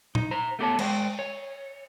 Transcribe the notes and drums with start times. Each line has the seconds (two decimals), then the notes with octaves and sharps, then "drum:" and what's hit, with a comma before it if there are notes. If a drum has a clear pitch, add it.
0.15 D#4, drum: tom
0.31 C5 A#5
0.59 A3 B3 G4 A4 C#5 A5
0.79 G#3 C5 G5, drum: cymbal
1.19 C#5